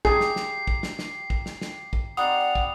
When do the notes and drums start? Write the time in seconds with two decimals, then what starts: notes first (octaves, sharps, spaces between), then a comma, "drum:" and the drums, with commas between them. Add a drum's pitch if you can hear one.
0.05 D#4 F4 G4 G#4 C7, drum: kick
0.20 drum: snare
0.36 drum: snare
0.67 drum: kick
0.83 drum: snare
0.99 drum: snare
1.30 drum: kick
1.46 drum: snare
1.61 drum: snare
1.93 drum: kick
2.17 G3 C4 D#4 F#5 D#6
2.55 drum: kick